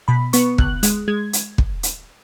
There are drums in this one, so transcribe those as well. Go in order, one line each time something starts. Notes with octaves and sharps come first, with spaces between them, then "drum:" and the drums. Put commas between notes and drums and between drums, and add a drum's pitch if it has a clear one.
B2 B5
B3 C#6, drum: hi-hat
C#2 F#6, drum: kick
G#3, drum: hi-hat
G#3 G#6
drum: hi-hat
drum: kick
drum: hi-hat